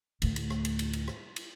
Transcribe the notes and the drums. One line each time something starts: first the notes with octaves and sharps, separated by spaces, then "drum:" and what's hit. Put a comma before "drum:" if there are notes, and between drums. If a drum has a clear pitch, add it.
D2 A2, drum: cymbal
drum: cymbal
drum: rim click
drum: cymbal
drum: cymbal
drum: cymbal
drum: rim click
drum: cymbal